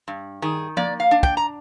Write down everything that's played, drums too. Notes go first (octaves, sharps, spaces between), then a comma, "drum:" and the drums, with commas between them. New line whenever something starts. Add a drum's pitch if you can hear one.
G2
D#3 G#4
A#3 D5, drum: tom F3
F5
D4
G5, drum: kick
A#5